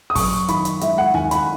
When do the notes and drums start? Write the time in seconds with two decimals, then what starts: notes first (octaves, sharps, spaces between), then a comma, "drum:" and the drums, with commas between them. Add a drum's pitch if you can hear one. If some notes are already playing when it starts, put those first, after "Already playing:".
0.10 D#6
0.15 F#2 C#6, drum: kick, open hi-hat
0.48 D#3 B5, drum: hi-hat
0.65 drum: hi-hat
0.81 G#3 E5, drum: hi-hat
0.98 F#5
1.14 D#3 G#5, drum: tom D#2
1.31 B5, drum: hi-hat